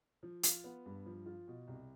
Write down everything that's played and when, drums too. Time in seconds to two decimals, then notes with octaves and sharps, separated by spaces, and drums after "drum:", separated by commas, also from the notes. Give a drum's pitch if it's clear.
0.23 F3
0.43 F4, drum: hi-hat
0.64 B3
0.86 G2
1.06 F3
1.26 F4
1.48 B2
1.67 C2